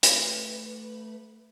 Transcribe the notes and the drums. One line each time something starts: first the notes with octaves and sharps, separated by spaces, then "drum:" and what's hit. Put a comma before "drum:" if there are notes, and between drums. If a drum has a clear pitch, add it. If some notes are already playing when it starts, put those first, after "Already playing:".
A3 B4, drum: hi-hat